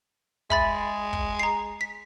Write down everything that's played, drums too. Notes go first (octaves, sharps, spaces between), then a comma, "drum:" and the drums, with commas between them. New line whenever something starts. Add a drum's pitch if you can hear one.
G#3 E5 B5 A6, drum: kick
drum: kick
A#5 C7
B6